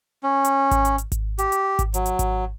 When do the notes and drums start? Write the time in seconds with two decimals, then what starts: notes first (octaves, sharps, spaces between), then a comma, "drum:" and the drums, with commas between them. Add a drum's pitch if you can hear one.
0.23 C#4
0.45 drum: hi-hat
0.71 drum: kick G#1, hi-hat
0.85 drum: hi-hat
0.98 drum: hi-hat
1.12 drum: kick G#1, hi-hat
1.38 G4, drum: hi-hat
1.52 drum: hi-hat
1.79 drum: kick G#1, hi-hat
1.94 F#3, drum: hi-hat
2.06 drum: hi-hat
2.19 drum: kick G#1, hi-hat